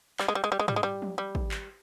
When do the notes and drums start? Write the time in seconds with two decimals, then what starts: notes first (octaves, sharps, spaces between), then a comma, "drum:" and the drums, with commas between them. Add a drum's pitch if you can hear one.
0.20 G3, drum: clap
0.28 G#3
0.35 G3
0.44 G#3
0.52 G3
0.59 G#3
0.68 G3, drum: tom G#2
0.76 G#3
0.83 G3
1.02 drum: tom F3
1.18 G3
1.35 drum: kick
1.51 drum: clap